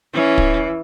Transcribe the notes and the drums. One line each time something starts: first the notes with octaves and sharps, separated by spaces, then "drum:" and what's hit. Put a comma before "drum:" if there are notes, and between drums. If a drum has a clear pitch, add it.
E3 C#4
drum: kick